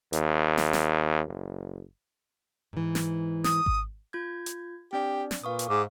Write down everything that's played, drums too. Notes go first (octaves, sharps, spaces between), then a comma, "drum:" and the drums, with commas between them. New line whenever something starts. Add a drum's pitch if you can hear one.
D#2, drum: hi-hat
drum: snare
drum: snare
F#1
G#2 E3
drum: snare
D#6, drum: snare
drum: kick G#1
F4 G6 G#6
drum: hi-hat
C4 D4 G4 D5
drum: snare
A#2 B4 F5 C#6 D#6
drum: hi-hat
G#2 G#4 D6